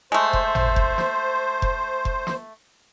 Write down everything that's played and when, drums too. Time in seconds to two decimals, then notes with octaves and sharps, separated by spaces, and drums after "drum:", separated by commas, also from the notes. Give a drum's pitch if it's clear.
0.12 G#3 A3 C5
0.33 drum: kick F1
0.55 drum: tom G#1
0.76 drum: kick F1
0.98 drum: snare
1.62 drum: kick F1
2.05 drum: kick F1
2.27 drum: snare